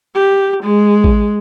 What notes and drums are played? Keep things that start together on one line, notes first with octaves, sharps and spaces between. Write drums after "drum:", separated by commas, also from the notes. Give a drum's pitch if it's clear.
G4
G#3
drum: kick A1